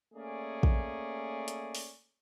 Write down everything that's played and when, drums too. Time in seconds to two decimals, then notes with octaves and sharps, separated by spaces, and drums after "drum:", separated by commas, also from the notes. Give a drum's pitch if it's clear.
0.14 A3 A#3 C#4 G#4 D5
0.63 drum: kick
1.48 drum: hi-hat
1.75 drum: open hi-hat